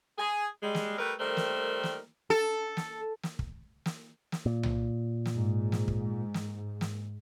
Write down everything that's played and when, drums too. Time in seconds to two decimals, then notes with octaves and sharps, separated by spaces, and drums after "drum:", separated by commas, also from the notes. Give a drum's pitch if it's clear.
0.18 G#4
0.63 G3 G#3
0.75 drum: snare
0.99 G3 A3 A#4 B4
1.20 D#3 G3 A3 A#4 C5
1.37 drum: snare
1.83 drum: snare
2.30 A4
2.77 drum: snare
3.23 drum: snare
3.39 drum: kick
3.86 drum: snare
4.32 drum: snare
4.46 A#2
4.63 drum: tom C2
5.26 drum: snare
5.35 G#2
5.72 drum: snare
5.88 drum: kick
6.34 drum: snare
6.81 drum: snare